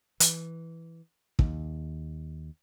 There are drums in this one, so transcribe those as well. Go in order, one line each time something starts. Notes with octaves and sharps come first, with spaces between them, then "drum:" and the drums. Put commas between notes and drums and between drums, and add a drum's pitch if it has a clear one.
E3, drum: hi-hat
D#2, drum: kick